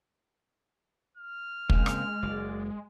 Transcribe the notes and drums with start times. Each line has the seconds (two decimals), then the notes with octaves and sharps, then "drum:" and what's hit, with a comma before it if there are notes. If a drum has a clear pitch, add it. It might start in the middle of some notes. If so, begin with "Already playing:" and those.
1.18 F6
1.70 C#3 G#3 A#3 C4, drum: kick
1.86 drum: rim click
2.23 F#1 D5